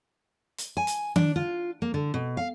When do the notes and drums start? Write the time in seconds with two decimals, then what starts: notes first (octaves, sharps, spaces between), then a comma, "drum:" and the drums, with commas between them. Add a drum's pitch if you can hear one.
0.58 drum: hi-hat
0.77 G#5
0.87 drum: hi-hat
1.16 D4, drum: tom D#3
1.36 F4
1.82 A#3
1.94 D3
2.14 B2
2.37 F5